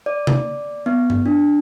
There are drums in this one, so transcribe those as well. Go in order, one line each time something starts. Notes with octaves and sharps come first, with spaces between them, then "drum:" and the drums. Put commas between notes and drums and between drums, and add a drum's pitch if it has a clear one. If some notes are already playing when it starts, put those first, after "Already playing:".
D5
drum: tom C3
B3
drum: tom G2
D4